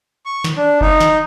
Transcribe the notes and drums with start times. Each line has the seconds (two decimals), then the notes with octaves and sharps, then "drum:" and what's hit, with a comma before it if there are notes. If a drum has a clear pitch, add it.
0.26 C#6
0.44 drum: snare
0.57 D4
0.81 D#4, drum: kick F1
1.00 drum: snare